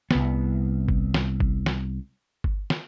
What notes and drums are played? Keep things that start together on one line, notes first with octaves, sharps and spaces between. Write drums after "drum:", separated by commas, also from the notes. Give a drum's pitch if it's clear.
C2 B3, drum: snare
drum: kick G1
drum: snare
drum: kick G1
drum: snare
drum: kick G1
drum: snare